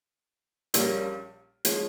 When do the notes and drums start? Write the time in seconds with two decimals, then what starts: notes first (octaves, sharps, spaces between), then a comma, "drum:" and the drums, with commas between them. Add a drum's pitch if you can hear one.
0.74 A#1 A#2 G3 A#3 C#4, drum: hi-hat
1.65 F3 G#3 C#4, drum: hi-hat